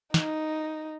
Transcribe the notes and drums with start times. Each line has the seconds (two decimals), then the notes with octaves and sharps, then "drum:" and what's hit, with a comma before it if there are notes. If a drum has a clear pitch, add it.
0.14 D#4, drum: snare